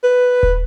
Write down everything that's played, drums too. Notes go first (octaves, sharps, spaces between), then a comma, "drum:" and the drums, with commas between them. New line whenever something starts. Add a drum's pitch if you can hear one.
B4
drum: kick D#1